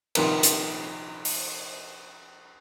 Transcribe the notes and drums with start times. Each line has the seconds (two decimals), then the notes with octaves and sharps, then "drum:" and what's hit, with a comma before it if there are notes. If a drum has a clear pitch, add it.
0.15 A#1 C3 D#3 A#4 B4, drum: cymbal
0.43 drum: hi-hat
1.25 drum: open hi-hat